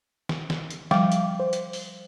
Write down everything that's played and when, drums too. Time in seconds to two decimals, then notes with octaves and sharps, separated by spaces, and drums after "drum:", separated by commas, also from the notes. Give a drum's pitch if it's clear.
0.29 drum: snare
0.50 drum: snare
0.70 drum: hi-hat
0.91 F3 G3 F5 G5 D6, drum: snare
1.12 drum: hi-hat
1.40 C5
1.53 drum: hi-hat
1.73 drum: open hi-hat